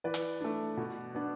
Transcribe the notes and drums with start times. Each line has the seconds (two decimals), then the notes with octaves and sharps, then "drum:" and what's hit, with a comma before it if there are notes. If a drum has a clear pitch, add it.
0.04 E3 B4 D5
0.14 drum: hi-hat
0.41 A3 D4
0.77 B2
1.15 B3 D4